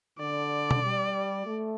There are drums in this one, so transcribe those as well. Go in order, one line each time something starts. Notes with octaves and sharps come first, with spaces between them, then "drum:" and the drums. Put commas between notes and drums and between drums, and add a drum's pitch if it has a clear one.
D3 D5
drum: tom B2
G3
A3